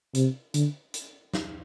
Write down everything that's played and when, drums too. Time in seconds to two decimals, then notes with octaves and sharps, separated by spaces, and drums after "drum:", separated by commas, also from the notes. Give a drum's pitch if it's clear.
0.15 C3, drum: hi-hat
0.54 D3, drum: hi-hat
0.94 drum: hi-hat
1.34 drum: snare